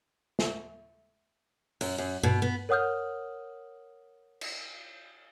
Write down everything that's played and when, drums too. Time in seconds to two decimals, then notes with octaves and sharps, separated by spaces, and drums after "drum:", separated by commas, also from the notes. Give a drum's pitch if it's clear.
0.39 drum: snare
1.81 F#2, drum: open hi-hat
1.98 F#2
2.23 B2, drum: tom G2
2.42 B3
2.69 A#4 C#5 F#5 D#6 F6 G6
4.41 drum: cymbal